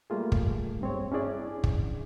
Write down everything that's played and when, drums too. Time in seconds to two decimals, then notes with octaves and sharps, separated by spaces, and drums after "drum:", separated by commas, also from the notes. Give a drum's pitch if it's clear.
0.10 G3 A3 A#3 F4 G#4
0.32 drum: kick
0.81 G2 C4 C#5
1.12 C#4 D4 E4 G#4 D5
1.64 drum: kick